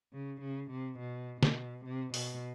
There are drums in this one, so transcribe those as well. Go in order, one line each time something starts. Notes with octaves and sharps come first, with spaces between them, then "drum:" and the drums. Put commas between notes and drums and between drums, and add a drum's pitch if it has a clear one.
C#3
C#3
C3
B2
B2, drum: snare
C3
B2, drum: open hi-hat